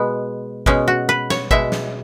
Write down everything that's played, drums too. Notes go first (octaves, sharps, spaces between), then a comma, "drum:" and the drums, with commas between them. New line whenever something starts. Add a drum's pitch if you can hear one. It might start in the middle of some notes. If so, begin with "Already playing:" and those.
Already playing: B2 G#3 B3
B2 G#3 C#4, drum: kick G#1
F#4
B4
C#5, drum: snare
B2 G#3 E5, drum: kick G#1
drum: snare